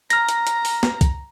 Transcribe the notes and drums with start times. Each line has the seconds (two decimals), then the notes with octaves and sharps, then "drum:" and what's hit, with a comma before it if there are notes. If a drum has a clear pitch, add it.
0.10 A#5 F6 A#6, drum: hi-hat
0.29 drum: hi-hat
0.47 drum: hi-hat
0.65 drum: open hi-hat
0.83 drum: snare
1.01 drum: kick B1, hi-hat